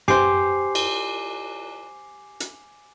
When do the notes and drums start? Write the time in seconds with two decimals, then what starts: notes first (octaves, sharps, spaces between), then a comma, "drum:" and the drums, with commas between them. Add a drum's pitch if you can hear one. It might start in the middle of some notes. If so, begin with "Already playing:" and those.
0.08 G4 C5 G#5 D6 C7, drum: tom F#2
0.75 drum: cymbal
2.40 drum: hi-hat